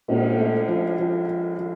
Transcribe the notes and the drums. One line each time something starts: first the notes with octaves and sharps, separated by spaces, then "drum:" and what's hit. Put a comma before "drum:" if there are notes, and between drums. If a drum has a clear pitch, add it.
A#2, drum: cymbal
A3
F3
F3
F3
F3